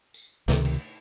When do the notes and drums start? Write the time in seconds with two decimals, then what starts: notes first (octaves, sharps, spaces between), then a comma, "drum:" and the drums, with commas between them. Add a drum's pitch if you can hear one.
0.14 drum: tambourine
0.48 C#2 C3 D#3, drum: snare
0.65 drum: cymbal